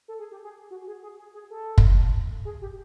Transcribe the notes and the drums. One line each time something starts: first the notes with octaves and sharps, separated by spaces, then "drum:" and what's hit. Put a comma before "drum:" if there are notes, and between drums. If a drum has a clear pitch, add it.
A4
G#4
G4
G#4
F#4
G#4
G#4
G#4
G#4
A4
drum: kick F#1
G#4
G4